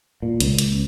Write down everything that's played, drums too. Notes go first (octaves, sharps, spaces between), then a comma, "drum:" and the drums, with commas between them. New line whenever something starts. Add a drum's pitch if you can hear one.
A#2
C#2, drum: hi-hat
drum: hi-hat